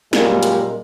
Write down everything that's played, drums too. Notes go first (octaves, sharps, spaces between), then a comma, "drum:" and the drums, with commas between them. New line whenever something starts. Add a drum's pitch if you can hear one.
F#2 A#2 G3 G#3 A#3, drum: snare
drum: hi-hat